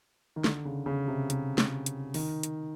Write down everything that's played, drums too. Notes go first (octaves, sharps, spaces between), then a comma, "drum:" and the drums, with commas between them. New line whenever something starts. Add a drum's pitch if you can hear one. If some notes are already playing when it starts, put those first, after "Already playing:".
D#3
D3, drum: snare
C#3
C#3
C3
C3, drum: hi-hat
drum: snare
drum: hi-hat
D#3, drum: open hi-hat
drum: hi-hat